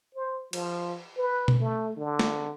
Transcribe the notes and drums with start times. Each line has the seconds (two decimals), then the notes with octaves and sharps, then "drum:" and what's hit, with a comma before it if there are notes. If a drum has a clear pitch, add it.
0.15 C5
0.53 F3, drum: cymbal
1.17 B4
1.48 drum: tom B2
1.59 A3
1.97 D3
2.19 drum: snare